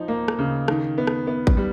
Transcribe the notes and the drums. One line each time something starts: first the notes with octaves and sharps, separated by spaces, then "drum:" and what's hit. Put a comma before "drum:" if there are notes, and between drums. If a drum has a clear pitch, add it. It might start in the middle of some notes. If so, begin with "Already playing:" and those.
Already playing: F3 D#4
A#3
drum: rim click
C#3
D#3, drum: rim click
B3
drum: rim click
B3
drum: kick
G3